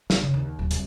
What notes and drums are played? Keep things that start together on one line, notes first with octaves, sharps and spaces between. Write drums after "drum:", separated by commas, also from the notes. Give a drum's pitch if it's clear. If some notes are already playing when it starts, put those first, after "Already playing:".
E3, drum: snare
C#3
D#2
D1
C2, drum: hi-hat